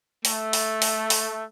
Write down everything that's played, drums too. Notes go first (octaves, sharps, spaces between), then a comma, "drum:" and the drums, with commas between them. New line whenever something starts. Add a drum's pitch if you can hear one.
A3, drum: open hi-hat
drum: open hi-hat
drum: open hi-hat
drum: open hi-hat